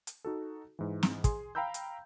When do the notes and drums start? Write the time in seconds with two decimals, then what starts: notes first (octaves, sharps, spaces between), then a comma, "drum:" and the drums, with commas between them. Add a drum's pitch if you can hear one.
0.07 drum: hi-hat
0.25 D#4 F#4 A4
0.79 G#2 E3
1.03 drum: snare
1.24 G#4 C6, drum: kick, hi-hat
1.55 F5 G5 A#5 B5 E6 G6
1.74 drum: hi-hat